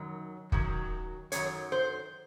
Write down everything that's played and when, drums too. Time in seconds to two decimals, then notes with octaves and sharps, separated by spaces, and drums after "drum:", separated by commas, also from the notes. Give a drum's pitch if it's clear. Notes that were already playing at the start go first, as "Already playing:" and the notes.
Already playing: F#2 D#3 F#3
0.52 F#2 D#3 F#3, drum: kick
1.32 F#2 D#3 F#3 C#5, drum: hi-hat
1.72 C5